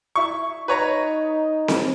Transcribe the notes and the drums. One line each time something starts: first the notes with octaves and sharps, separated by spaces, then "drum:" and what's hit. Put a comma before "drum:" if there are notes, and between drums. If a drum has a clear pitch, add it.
E4 C#6
D#4 B4 C#5 A#5
drum: snare C4